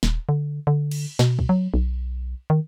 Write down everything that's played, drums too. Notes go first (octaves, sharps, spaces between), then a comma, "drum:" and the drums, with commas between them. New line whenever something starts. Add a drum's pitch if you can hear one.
D#1, drum: snare
D3
D3
drum: cymbal
B2, drum: snare
drum: kick
F#3
B1
D#3